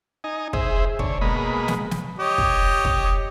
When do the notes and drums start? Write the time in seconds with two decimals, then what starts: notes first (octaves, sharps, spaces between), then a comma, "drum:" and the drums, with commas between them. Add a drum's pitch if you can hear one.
0.24 D#4 D#5 G#5
0.53 G#4 C5 E5, drum: kick
0.99 D3 C#5, drum: kick
1.21 B2 G#3 A#3 D#5 B5
1.68 drum: snare
1.91 drum: snare
2.19 G4 C#5 D#5
2.38 drum: kick
2.85 drum: kick